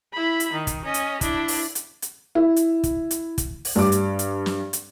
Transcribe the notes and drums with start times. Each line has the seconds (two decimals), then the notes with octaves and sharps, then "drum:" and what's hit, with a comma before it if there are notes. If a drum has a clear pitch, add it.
0.13 E4 B5
0.40 drum: hi-hat
0.53 D#3
0.67 drum: kick, hi-hat
0.85 C#4 D#5
0.94 drum: hi-hat
1.21 D4 E4, drum: kick, hi-hat
1.48 drum: open hi-hat
1.75 drum: hi-hat
2.02 drum: hi-hat
2.35 E4
2.56 drum: hi-hat
2.84 drum: kick, hi-hat
3.11 drum: hi-hat
3.38 drum: kick, hi-hat
3.65 drum: open hi-hat
3.76 G2 D6
3.92 drum: hi-hat
4.19 drum: hi-hat
4.46 drum: snare
4.73 drum: hi-hat